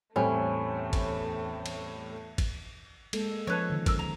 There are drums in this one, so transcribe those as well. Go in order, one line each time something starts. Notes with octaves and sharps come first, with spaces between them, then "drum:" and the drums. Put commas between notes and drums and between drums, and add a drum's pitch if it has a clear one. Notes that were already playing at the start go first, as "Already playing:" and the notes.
E2 A2 G3 A3 C4 C#4
drum: kick G#1, cymbal
drum: cymbal
drum: kick G#1, cymbal
G#3 A#3 A4, drum: cymbal
F3 C#4 A4 B4 C#5
D3 D#3
A#4 E6, drum: kick G#1, cymbal
A#5